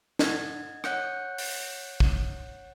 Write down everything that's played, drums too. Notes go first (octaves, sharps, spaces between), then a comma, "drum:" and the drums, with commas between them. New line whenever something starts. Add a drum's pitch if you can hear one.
D#5 F#5 G#6, drum: snare
C#5 F#5 F#6 G6 C#7, drum: rim click
drum: open hi-hat
drum: kick